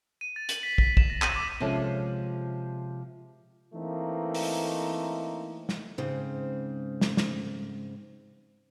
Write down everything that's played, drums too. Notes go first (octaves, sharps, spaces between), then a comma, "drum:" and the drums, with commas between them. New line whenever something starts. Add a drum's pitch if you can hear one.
D#7
A6
F#7, drum: hi-hat
B6
B6, drum: kick
E7, drum: kick
A#6
D#7, drum: clap
D6
C3 F3 G#3 C#4 A4
E3 A3 A#3 C4 D#4
drum: open hi-hat
drum: snare
G#2 C#3 C4
drum: snare
drum: snare